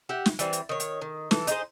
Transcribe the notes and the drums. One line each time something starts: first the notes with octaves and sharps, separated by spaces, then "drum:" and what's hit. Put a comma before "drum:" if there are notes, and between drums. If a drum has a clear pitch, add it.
G4 E5 F#5
drum: snare
E3 G3 C4, drum: hi-hat
drum: hi-hat
D#3 C#5
drum: hi-hat
D#3
E3 A4, drum: snare
D#4 G#4 C5, drum: hi-hat